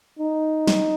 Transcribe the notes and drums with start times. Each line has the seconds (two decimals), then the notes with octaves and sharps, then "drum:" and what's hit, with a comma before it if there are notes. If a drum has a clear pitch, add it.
0.19 D#4
0.67 drum: snare